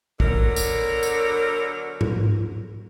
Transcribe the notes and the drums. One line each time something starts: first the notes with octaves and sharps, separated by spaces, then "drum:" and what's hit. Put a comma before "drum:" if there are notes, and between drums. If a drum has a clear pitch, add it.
B2 D3 F#3 A#4, drum: kick
drum: tambourine
drum: tambourine
drum: tom G#2